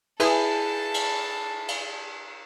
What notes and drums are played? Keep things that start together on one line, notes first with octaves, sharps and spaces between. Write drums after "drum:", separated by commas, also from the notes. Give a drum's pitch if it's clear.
E4 G#4 A4 B4 A5 B5, drum: cymbal
drum: cymbal
drum: cymbal